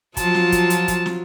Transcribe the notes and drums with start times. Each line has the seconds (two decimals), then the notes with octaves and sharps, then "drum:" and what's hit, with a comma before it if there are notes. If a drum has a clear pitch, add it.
0.17 F3 F#3 F4 A5, drum: kick, hi-hat
0.34 drum: snare
0.52 drum: kick, hi-hat
0.70 drum: hi-hat
0.88 drum: kick, hi-hat
1.06 drum: snare